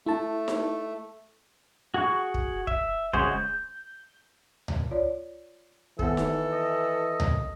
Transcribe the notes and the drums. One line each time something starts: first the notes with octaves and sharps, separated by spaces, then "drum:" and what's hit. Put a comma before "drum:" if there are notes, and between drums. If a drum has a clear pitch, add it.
A3 E4 A5
drum: snare D#4
F#4 G#4 F#5 C#6
drum: kick
E5, drum: kick
C#3 G#3 F#4 G#4 C5, drum: kick
G6
drum: tom C#2
F4 C#5 D5
D#3 E3 B3 A4 F#5, drum: kick
drum: snare D#4
D#5
drum: tom C#2